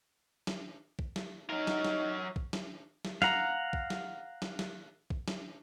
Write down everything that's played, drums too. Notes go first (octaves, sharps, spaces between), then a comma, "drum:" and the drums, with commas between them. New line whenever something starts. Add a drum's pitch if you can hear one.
drum: snare
drum: kick A#1
drum: snare
F#3 D#4 A#4
drum: snare
drum: snare
drum: kick A#1
drum: snare
drum: snare
F5 F#5 A#5, drum: snare
drum: kick A#1
drum: snare
drum: snare
drum: snare
drum: kick A#1
drum: snare